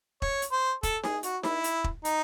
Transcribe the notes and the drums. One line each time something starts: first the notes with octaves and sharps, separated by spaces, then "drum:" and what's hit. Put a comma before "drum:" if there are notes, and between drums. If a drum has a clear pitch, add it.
C#5, drum: kick E1
drum: hi-hat
C5
A4, drum: kick E1, hi-hat
G#4, drum: snare D#4
F#4, drum: hi-hat
E4, drum: snare D#4
drum: hi-hat
drum: kick E1
D#4, drum: hi-hat